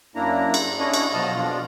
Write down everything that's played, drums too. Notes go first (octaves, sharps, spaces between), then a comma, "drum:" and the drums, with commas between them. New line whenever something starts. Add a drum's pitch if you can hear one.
F#2 A#3 D4 E4 A#5
drum: cymbal
C#4 D4 E4 C#5 D#5
drum: cymbal
B2 F3 F#3 D#5 A5 F6
F2 B2 B3 D4 F4